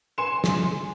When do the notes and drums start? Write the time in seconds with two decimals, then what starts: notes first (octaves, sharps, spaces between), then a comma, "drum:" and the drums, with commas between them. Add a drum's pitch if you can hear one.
0.18 G#5 C6 C#7 E7
0.44 drum: snare